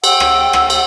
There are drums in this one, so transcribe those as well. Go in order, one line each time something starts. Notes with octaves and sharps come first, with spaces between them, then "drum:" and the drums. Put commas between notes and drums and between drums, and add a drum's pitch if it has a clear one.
F#5 G5 E6, drum: cymbal
drum: rim click
drum: rim click
drum: cymbal